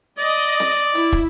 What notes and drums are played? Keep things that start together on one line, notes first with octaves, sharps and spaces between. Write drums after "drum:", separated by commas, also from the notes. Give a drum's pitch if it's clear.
D5 D#5
drum: snare C4
E4, drum: hi-hat
drum: kick